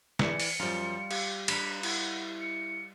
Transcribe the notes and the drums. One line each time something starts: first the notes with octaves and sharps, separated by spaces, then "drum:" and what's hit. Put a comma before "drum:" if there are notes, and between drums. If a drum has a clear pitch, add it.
E3 D5 C#7, drum: snare
drum: open hi-hat
F#2 F3 G3 F4
G4 F5, drum: cymbal
D4 B4 D#5 A#5 B6, drum: cymbal
E4 F#5, drum: cymbal
C#7